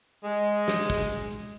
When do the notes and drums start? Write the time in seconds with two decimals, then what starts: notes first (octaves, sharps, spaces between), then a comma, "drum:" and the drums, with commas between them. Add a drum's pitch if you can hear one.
0.24 G#3
0.68 drum: snare
0.90 drum: kick